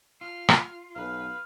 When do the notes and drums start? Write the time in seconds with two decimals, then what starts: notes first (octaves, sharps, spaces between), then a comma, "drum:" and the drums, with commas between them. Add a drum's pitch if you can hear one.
0.21 F4 F6
0.49 drum: rim click
0.96 B1 B4 F5